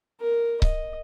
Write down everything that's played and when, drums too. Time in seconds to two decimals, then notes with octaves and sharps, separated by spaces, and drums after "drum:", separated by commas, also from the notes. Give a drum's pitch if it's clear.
0.21 A#4
0.62 D#5, drum: kick C#1